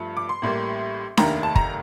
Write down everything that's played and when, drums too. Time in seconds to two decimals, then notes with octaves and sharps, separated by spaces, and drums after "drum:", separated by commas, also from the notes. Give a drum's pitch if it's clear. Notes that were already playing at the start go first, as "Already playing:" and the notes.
Already playing: G2 F3 A3
0.17 D6
0.29 C6
0.42 A1 A2 G3 A#3
1.17 F1 D#2 D#3 A3 A#5, drum: snare D4
1.43 A5
1.55 A#5, drum: kick